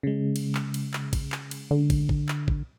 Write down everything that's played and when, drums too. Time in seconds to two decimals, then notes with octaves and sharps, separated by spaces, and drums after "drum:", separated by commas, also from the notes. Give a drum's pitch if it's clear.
0.03 C#3 G#3
0.36 drum: cymbal
0.55 drum: clap
0.74 drum: cymbal
0.94 drum: clap
1.13 drum: kick, cymbal
1.32 drum: clap
1.51 drum: cymbal
1.71 D3
1.90 drum: kick, cymbal
2.09 drum: kick
2.29 drum: clap
2.48 drum: kick